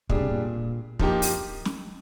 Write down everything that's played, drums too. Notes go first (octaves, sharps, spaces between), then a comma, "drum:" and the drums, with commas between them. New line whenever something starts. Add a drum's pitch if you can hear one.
A#2 G3 D4 G#4, drum: kick
C3
A#2
F3 A#3 D#4 G4, drum: kick
drum: open hi-hat
drum: snare